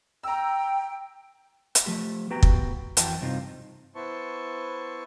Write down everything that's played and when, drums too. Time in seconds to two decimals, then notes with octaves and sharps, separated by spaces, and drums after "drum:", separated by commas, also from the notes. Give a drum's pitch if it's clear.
0.23 G5 A#5 E6
1.75 drum: hi-hat
1.86 F3 A3 G4
2.30 B3 F#4 G4 B4 G5 A#5
2.43 drum: kick
2.97 F2 E3 F#4 G5 A5, drum: hi-hat
3.21 G2 C3 C4 D#4 F4
3.95 B3 E4 C5 A5 C#6